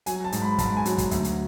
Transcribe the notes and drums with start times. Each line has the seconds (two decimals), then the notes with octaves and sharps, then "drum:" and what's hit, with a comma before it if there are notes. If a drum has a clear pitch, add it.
0.06 F#3 G#5, drum: hi-hat
0.24 A5
0.32 G#2, drum: hi-hat
0.42 B5
0.58 G#2 A5, drum: kick, hi-hat
0.76 G#5
0.85 F#3, drum: hi-hat
0.98 drum: kick, hi-hat
1.11 D2, drum: hi-hat
1.24 drum: hi-hat